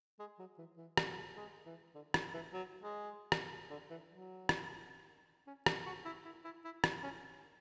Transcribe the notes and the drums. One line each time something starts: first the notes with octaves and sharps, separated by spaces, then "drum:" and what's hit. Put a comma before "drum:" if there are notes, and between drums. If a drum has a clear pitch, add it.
G#3
F#3
E3
E3
drum: rim click
F#3
G#3
E3
D3
D3, drum: rim click
E3
F#3
G#3
drum: rim click
D3
E3
F#3
drum: rim click
C#4
D4, drum: rim click
F#4
E4
E4
E4
E4
drum: rim click
C#4